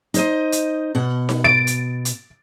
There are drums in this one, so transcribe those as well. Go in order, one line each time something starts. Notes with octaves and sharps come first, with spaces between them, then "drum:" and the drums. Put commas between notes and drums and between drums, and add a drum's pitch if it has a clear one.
D#4 C5 D#5, drum: hi-hat
drum: hi-hat
B2 F#5
drum: snare D#4
A6 D7
drum: hi-hat
drum: hi-hat